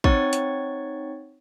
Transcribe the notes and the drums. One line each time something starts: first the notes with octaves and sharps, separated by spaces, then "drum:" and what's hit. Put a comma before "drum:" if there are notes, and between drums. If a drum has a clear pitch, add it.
C4 D#4 C#5 F#5 C#6 A6, drum: kick
drum: hi-hat